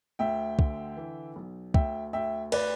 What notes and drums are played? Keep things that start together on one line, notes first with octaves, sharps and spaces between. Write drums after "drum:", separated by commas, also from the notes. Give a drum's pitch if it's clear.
D2 E5 G5
D3, drum: kick
E3
B1
D2 E5 G5, drum: kick
D2 E5 G5
B4 D5, drum: cymbal